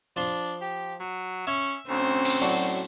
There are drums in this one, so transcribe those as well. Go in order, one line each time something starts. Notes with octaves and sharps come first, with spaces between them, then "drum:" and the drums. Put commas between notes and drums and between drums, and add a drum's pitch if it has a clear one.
F3 D4 C6
G4
F#3
C#4 E5
D2 C4 C#4 C5
drum: cymbal
A2 F#3 D4 F#4